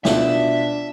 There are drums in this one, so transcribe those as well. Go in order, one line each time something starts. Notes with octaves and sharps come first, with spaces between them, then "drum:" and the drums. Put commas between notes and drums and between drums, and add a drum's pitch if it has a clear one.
B2 D4 F4 E5, drum: snare